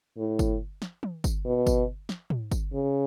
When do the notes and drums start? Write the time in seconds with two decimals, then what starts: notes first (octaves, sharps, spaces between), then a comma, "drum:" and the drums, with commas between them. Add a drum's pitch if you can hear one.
0.17 A2
0.39 drum: kick, tambourine
0.82 drum: snare
1.03 drum: tom
1.24 drum: kick, tambourine
1.45 B2
1.67 drum: kick, tambourine
2.09 drum: snare
2.30 drum: tom
2.52 drum: kick, tambourine
2.73 C#3